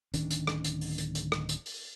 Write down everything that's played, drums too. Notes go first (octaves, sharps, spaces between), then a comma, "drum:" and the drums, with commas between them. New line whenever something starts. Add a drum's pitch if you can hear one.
D1 D#3 C#4 D4, drum: hi-hat
drum: hi-hat
drum: rim click
drum: hi-hat
drum: open hi-hat
drum: hi-hat
drum: hi-hat
drum: rim click
drum: hi-hat
drum: open hi-hat